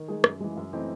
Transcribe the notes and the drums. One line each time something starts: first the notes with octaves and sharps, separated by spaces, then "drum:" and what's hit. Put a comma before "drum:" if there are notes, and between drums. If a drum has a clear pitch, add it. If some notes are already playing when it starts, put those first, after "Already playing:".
Already playing: D#3
G#3 D#4 G#4
F#2, drum: rim click
E3 G#3
F#2
E3 A3 C4 D#4